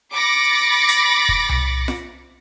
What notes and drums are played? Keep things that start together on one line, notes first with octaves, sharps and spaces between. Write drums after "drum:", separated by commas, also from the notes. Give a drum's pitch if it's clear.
B5 D6 A6 A#6 C#7
drum: hi-hat
drum: kick
drum: tom C2
drum: snare F4